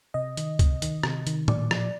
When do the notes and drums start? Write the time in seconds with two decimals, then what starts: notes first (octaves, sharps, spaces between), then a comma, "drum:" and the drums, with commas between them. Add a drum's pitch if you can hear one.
0.14 C3 D#5
0.37 D#3, drum: hi-hat
0.59 C3, drum: kick, hi-hat
0.82 D#3, drum: hi-hat
1.03 C3, drum: rim click
1.27 D#3, drum: hi-hat
1.48 A#2 D5, drum: tom A2
1.71 F3, drum: rim click